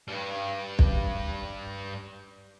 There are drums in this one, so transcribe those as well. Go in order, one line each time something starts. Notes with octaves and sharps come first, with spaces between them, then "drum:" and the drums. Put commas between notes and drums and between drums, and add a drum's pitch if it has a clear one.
G2 G3
drum: kick